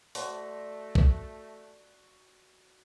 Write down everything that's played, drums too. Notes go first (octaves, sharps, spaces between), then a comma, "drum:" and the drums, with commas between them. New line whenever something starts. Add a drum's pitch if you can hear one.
A3 F#4 C5 D5 A5 C6, drum: open hi-hat
drum: kick